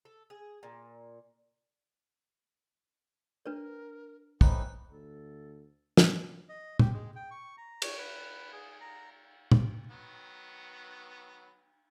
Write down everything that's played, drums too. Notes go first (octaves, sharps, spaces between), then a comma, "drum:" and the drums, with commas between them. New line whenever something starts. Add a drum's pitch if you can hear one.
A4
G#4
A#2
D4 A#4 B4 C#5
A2 E3 D#4 C5 B5 F#6, drum: kick
D2 A4
drum: snare
D#5
G4, drum: tom A#2
G#3
G5
C#6
A#5
C#5, drum: cymbal
B4
G#4
A#5
drum: tom A#2
D#3 F#3 B3